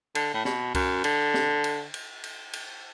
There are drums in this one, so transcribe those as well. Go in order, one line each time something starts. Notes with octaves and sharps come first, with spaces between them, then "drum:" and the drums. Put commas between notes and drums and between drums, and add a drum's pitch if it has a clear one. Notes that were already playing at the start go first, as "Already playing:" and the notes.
D3, drum: cymbal
A2
B2, drum: snare
F#2, drum: kick C2, cymbal
D3, drum: cymbal
drum: snare
drum: cymbal
drum: cymbal
drum: cymbal
drum: cymbal